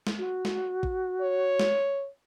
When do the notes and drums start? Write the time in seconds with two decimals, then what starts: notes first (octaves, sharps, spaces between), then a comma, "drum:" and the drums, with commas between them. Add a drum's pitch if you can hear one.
0.07 drum: snare
0.18 F#4
0.45 drum: snare
0.83 drum: kick
1.21 C#5
1.60 drum: snare